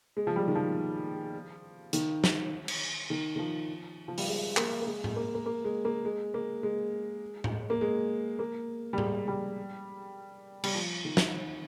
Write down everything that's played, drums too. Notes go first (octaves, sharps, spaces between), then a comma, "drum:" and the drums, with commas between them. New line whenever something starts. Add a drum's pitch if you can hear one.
G#3
F3
G3
D#3
F3
D#3, drum: hi-hat
drum: snare
drum: cymbal
D#3
D#3
F3
F3
G3, drum: open hi-hat
G#3
A#3, drum: clap
A#3
G#3
drum: tom A2
A#3
A#3
A#3
G#3
A#3
G#3
A#3
G#3
drum: tom A2
A#3
G#3
A#3
G3
G#3, drum: tom A2
G3
G3, drum: cymbal
F3
D#3
drum: snare